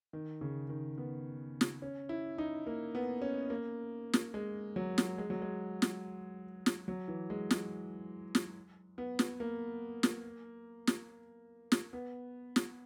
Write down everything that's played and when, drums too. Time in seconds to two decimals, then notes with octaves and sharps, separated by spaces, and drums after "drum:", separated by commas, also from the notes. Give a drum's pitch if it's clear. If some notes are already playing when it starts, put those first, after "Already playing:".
0.13 D#3
0.41 C#3
0.69 D#3
0.98 B3
1.61 drum: snare
1.82 C#4
2.09 E4
2.38 D#4
2.66 A#3
2.95 B3
3.22 C#4
3.50 A#3
4.13 drum: snare
4.34 G#3
4.76 F#3
4.98 drum: snare
5.18 G#3
5.30 F#3
5.42 G#3
5.82 drum: snare
6.66 drum: snare
6.88 F#3
7.08 E3
7.30 G#3
7.51 G#3, drum: snare
8.35 drum: snare
8.98 B3
9.19 drum: snare
9.40 A#3
10.03 drum: snare
10.87 drum: snare
11.72 drum: snare
11.93 B3
12.56 drum: snare